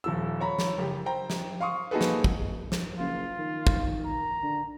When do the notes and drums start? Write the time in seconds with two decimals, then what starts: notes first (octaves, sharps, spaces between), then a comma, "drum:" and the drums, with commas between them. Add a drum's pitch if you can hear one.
0.04 D#1 F3 E6
0.41 C#5 A#5 B5
0.59 drum: snare
0.78 F#1 G4
1.06 C5 G5 A#5
1.30 drum: snare
1.61 F5 C6 C#6 D#6
1.91 A#3 D#4 F#4 G#4 A4 B4
2.01 drum: snare
2.24 drum: kick
2.72 drum: snare
2.99 F#1 F4
3.38 D#3
3.67 drum: kick
4.05 A#5
4.43 D3